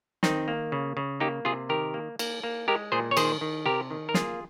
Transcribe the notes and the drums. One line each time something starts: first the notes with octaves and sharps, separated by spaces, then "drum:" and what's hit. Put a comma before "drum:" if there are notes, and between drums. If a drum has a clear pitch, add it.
D#3 C4 D#4, drum: snare
A#3
C#3
C#3
A#3 D#4 G4
C3 F4 G#4
D#3 G4 A#4
A#3
A#3, drum: cymbal
A#3
G#3 G4 A#4
A#2 G#4 C5
C#5
D#3 G#4 C5, drum: cymbal
D#3
C3 G4 A#4
D#3
A#4
A#3 F4 G#4, drum: snare